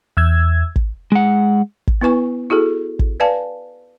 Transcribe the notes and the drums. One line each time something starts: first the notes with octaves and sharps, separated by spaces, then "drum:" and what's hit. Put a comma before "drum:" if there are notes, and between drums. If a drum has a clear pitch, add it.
E2 E6 G#6
drum: kick
G#3 F#5
drum: kick
B3 E4 B4 G#5 C#6
E4 F#4 G#4 A4
drum: kick
B4 D5 F5 G#5 A5